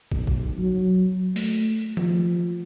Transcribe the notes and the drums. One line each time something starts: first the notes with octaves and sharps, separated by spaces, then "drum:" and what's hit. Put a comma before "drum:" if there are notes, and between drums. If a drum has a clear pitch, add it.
B1, drum: kick
drum: kick
F#3
A3, drum: open hi-hat
F3, drum: tom D#3